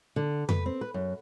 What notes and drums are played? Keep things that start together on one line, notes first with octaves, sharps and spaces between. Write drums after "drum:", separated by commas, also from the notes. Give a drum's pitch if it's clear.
D3
B4, drum: tom F2
C4
B4
F#2